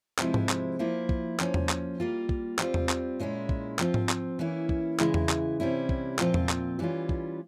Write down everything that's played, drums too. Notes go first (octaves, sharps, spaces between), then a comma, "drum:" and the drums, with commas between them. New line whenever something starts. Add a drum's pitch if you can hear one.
C3 F3 G#3 E4, drum: clap
drum: tom G#2
drum: clap
F3 A#3 E4
drum: kick
F3 A#3 C#4, drum: clap
drum: tom E2
drum: clap
G3 A#3 F4
drum: kick
G3 C4 F4, drum: clap
drum: tom E2
drum: clap
A#2 G#3 C#4 E4
drum: kick
F3 C4 F4, drum: clap
drum: tom G#2
drum: clap
E3 A#3 C#4 E4
drum: kick
C#3 E3 G#3 E4, drum: clap
drum: tom E2
drum: clap
C3 G3 C#4 E4
drum: kick
A#2 F3 C4 F4, drum: clap
drum: tom E2
drum: clap
E3 G3 C#4 F4
drum: kick